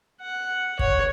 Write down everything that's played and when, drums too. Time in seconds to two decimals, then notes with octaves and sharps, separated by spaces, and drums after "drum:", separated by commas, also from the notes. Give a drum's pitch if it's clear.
0.21 F#5
0.79 C#5, drum: kick